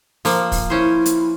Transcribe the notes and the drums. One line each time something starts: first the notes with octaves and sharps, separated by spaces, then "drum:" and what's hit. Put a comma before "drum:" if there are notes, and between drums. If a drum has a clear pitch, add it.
F3 A#3, drum: open hi-hat
drum: kick, open hi-hat
C#4 E4 C5
drum: hi-hat